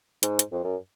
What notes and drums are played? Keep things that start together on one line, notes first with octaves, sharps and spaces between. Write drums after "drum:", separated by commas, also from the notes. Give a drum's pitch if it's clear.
G#2, drum: hi-hat
drum: hi-hat
F2
F#2